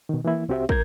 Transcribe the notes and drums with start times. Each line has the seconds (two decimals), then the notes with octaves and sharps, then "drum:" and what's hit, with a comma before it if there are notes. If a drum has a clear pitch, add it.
0.09 B2 D#3
0.25 E3 A#3 E4
0.49 C2 C4 F#4 G4 C5 E5
0.69 A#4 G6 G#6, drum: kick